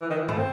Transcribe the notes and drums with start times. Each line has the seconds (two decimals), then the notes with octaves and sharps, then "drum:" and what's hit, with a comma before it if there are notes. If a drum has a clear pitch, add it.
0.01 E3
0.10 D#3
0.19 E3
0.28 A3, drum: tom
0.38 C4